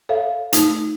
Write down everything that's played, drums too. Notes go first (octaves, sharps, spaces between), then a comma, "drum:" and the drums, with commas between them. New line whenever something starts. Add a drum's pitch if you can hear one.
A4 C#5 E5 F5
A3 D#4, drum: hi-hat